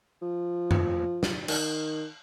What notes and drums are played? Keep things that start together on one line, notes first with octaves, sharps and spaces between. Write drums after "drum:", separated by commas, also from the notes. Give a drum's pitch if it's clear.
F3
drum: tom F#2
drum: snare
D#3, drum: cymbal